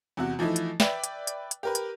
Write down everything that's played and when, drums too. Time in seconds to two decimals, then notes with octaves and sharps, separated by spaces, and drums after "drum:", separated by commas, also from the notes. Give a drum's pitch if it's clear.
0.17 E2 C3 F#4
0.39 E3 F3 A3 D#4 E4
0.56 drum: hi-hat
0.80 B4 D5 E5 G5, drum: snare
1.04 drum: hi-hat
1.27 drum: hi-hat
1.51 drum: hi-hat
1.63 G4 A#4 B4
1.75 drum: hi-hat